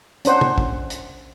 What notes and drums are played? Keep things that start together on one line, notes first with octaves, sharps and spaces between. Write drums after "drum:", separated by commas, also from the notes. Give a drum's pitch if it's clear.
C#4 D4 C5 F#5, drum: hi-hat
drum: tom
drum: kick
drum: hi-hat